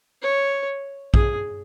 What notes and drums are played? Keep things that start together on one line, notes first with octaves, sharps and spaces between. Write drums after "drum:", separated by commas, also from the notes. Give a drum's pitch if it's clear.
C#5
G#4, drum: kick A#1